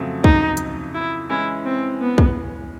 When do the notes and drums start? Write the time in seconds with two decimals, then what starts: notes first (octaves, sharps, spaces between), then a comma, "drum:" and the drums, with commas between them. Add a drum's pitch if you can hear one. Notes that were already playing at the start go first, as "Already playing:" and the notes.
Already playing: F2 C#3 F#3 A3 C4
0.24 D#4, drum: kick
0.57 drum: hi-hat
0.94 E4
1.30 E3 G#3 C#4 E4
1.65 C4
2.01 B3
2.18 drum: kick